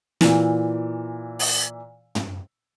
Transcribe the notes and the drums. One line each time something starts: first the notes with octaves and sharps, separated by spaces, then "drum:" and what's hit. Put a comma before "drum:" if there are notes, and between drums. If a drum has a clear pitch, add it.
A#2 E3, drum: snare
drum: open hi-hat
drum: tom